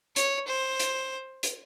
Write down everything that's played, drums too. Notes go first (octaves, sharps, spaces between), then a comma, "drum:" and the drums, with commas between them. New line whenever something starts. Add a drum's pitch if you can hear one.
C#5, drum: hi-hat
C5
drum: hi-hat
drum: hi-hat